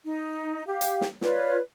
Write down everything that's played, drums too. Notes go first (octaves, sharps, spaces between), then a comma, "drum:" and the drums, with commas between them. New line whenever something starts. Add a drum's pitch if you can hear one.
D#4
G4 F5
drum: hi-hat
drum: snare
F4 B4 C#5 D5, drum: snare